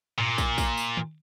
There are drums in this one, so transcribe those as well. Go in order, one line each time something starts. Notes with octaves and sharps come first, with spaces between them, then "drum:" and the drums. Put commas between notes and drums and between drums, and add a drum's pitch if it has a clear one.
A#2, drum: tom G2
drum: kick, tambourine
drum: kick, tambourine
drum: tambourine
drum: tom D#3